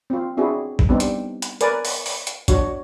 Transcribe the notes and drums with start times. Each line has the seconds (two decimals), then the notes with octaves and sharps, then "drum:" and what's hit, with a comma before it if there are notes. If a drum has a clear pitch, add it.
0.10 C4 F4
0.37 C4 D4 E4 F#4 G#4
0.79 drum: kick
0.89 G3 B3 C4 D4 D#4 G4
1.00 drum: hi-hat
1.42 drum: hi-hat
1.61 A#4 B4 D5 G#5, drum: hi-hat
1.85 drum: open hi-hat
2.06 drum: open hi-hat
2.27 drum: hi-hat
2.48 D4 F#4 C#5, drum: kick, hi-hat